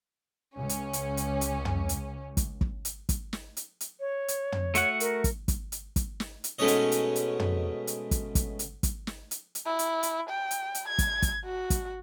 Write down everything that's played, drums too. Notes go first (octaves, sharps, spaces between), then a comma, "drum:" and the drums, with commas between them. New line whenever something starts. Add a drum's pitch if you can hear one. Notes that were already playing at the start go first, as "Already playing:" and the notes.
C#2 C#4
drum: hi-hat
drum: hi-hat
drum: hi-hat
drum: hi-hat
drum: tom
drum: hi-hat
drum: kick, hi-hat
drum: kick
drum: hi-hat
drum: kick, hi-hat
drum: snare
drum: hi-hat
drum: hi-hat
C#5
drum: hi-hat
drum: tom
A3 F#4 F#5, drum: hi-hat
A#4, drum: hi-hat
drum: kick, hi-hat
drum: kick, hi-hat
drum: hi-hat
drum: kick, hi-hat
drum: snare
drum: hi-hat
G#2 B2 A3 C#4 C#5 D#5
drum: hi-hat
drum: hi-hat
drum: hi-hat
drum: tom
drum: hi-hat
drum: kick, hi-hat
drum: kick, hi-hat
drum: hi-hat
drum: kick, hi-hat
drum: snare
drum: hi-hat
drum: hi-hat
E4
drum: hi-hat
drum: hi-hat
G5
drum: hi-hat
drum: hi-hat
G#6
drum: kick, hi-hat
drum: kick, hi-hat
F#4
drum: kick, hi-hat